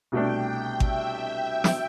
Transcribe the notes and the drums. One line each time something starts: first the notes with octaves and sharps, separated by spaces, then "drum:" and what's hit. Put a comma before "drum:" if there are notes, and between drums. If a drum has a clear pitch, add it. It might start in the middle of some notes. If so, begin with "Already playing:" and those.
C2 B2 A3 D4 G5
G5
E5, drum: kick G#1
drum: snare